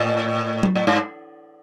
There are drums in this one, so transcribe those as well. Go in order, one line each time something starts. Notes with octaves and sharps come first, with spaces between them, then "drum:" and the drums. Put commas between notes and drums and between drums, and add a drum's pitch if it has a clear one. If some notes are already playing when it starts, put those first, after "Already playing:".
Already playing: A2
drum: tom F#3
A2
G#2